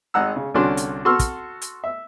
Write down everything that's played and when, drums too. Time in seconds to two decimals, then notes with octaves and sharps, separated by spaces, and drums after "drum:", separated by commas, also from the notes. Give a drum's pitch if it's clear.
0.14 G#1 D#4 F#5 A#5 E6
0.36 C#3
0.54 C2 D3 C#4 D4 F#4 C6
0.77 drum: hi-hat
1.05 F#4 A4 C6 C#6 E6 F6
1.19 drum: kick, hi-hat
1.62 drum: hi-hat
1.84 E5